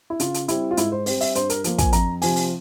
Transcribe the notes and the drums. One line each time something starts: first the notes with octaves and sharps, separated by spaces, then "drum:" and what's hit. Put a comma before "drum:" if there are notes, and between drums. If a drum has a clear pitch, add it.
E4
C#3 F4, drum: hi-hat
drum: hi-hat
G3 C4 E4, drum: hi-hat
F4
G#2 E4, drum: hi-hat
C5
G3 C4 C5, drum: open hi-hat
E5, drum: open hi-hat
G2 C5, drum: hi-hat
A#4, drum: hi-hat
F3 A#3, drum: hi-hat
G#5, drum: kick, hi-hat
F2 A#5, drum: hi-hat
C3 F3 C4 G#5, drum: open hi-hat
drum: open hi-hat